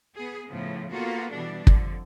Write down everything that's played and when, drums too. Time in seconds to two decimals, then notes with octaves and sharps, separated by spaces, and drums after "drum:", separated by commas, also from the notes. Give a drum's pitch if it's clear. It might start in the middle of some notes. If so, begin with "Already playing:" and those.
0.15 B3 G#4
0.47 A2 C#3 F3 B3
0.93 A#3 B3 F4 F#4 A4
1.33 B2 E3 G3 D4
1.67 F2 D3, drum: kick